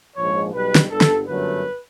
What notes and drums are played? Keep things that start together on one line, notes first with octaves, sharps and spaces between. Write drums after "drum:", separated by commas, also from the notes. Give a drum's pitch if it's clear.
A#1 G#2 F3 G#3 C#5
B1 B2 G3 B4
drum: snare
G1 G2 D3 A4
drum: snare
G1 F#2 D3 F#3 A3 B4